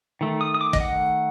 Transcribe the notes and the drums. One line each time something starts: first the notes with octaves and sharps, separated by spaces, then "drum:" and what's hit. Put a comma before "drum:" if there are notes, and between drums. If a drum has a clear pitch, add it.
D#3 A3
D#6
D#6
D6
D#5, drum: kick
F#5